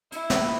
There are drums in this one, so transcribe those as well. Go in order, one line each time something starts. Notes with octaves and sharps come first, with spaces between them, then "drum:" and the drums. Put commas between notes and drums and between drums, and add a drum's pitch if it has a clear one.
E4, drum: hi-hat
drum: snare